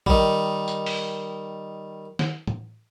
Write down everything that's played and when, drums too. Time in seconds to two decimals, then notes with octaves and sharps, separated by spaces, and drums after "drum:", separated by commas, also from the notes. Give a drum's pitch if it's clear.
0.06 D#3 G3, drum: kick A#1
0.68 drum: tambourine
0.86 drum: open hi-hat
2.19 drum: snare
2.47 drum: tom